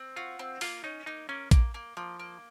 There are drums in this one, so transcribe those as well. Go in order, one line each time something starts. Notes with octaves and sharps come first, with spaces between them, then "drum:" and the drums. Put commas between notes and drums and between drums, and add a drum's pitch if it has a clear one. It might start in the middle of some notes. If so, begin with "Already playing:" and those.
Already playing: C4
F4 F#4
C4
A#3 F4, drum: open hi-hat
C#4 D#4
A#3 D#4
A#3 C#4
A#3, drum: kick A#1, hi-hat
A#3
F3 A#3
A#3